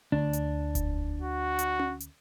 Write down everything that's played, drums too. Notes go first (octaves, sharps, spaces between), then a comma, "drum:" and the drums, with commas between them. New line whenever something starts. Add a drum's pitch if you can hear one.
D2 D4
drum: hi-hat
drum: kick E1, hi-hat
F#4
drum: hi-hat
drum: tom C#4
drum: hi-hat